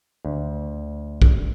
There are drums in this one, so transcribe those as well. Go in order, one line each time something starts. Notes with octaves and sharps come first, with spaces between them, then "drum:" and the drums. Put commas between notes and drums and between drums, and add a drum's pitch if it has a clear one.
D2
drum: kick B1